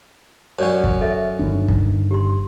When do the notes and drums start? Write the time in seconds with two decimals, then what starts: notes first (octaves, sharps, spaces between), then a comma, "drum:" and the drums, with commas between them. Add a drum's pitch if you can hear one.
0.59 F#2 C#4 C#5 D5 F#5
0.84 drum: kick
1.01 A4 D#5 E5
1.39 G1 D#3 D4
1.68 drum: kick
2.11 G4 C6